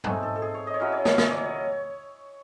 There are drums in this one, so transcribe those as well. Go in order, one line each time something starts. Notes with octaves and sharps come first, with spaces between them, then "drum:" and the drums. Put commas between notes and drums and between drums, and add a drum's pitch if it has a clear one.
A3 C4 D#4 G#5, drum: tom G#2
A4
A4
G#4
C#5
D#5
C#5
F#3 C#4 E4 D#5
C#5
D#5, drum: snare
D#5, drum: snare
C#5